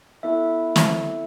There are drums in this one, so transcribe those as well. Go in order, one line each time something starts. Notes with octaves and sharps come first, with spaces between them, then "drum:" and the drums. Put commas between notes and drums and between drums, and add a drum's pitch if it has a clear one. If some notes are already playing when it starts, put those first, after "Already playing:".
B3 E4 A4 E5
drum: snare